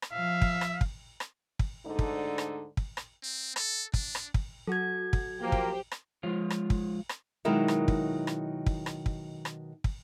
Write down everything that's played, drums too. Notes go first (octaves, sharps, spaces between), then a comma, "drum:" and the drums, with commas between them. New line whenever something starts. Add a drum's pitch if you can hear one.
drum: rim click
F3 E5 F5
drum: kick
drum: rim click
drum: kick
drum: rim click
drum: kick
D2 G#2 D3 D4 D#4 A4
drum: kick
drum: rim click
drum: kick
drum: rim click
C4
A4, drum: rim click
D4, drum: kick
drum: rim click
drum: kick
F#3 F#4 A4 G#6
drum: kick
F3 A#3 G4 C5
drum: kick
drum: rim click
F3 G#3 F4 C#5 F5
drum: rim click
drum: kick
drum: rim click
B2 D#3 F#3 G#3 E4 A#4
drum: rim click
drum: kick
drum: rim click
drum: kick
drum: rim click
drum: kick
drum: rim click
drum: kick